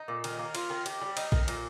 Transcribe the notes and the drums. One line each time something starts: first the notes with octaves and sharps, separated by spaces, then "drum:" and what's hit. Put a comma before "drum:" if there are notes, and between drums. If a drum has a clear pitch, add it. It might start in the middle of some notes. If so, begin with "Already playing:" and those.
Already playing: D#4
A#2
D#3, drum: cymbal
A#3
F4, drum: cymbal
D#3
G4, drum: cymbal
G3
D#4, drum: cymbal
D#3, drum: kick A#1
A#2, drum: cymbal